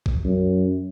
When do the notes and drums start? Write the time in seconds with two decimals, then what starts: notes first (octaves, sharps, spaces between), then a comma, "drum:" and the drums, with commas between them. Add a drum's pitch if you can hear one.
0.06 drum: kick
0.24 F#2